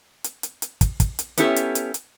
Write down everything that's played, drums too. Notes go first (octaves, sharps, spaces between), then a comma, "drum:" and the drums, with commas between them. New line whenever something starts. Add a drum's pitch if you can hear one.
drum: hi-hat
drum: hi-hat
drum: hi-hat
drum: kick, hi-hat
drum: kick, hi-hat
drum: hi-hat
B3 C#4 E4 G4 A4 C#5, drum: hi-hat
drum: hi-hat
drum: hi-hat
drum: hi-hat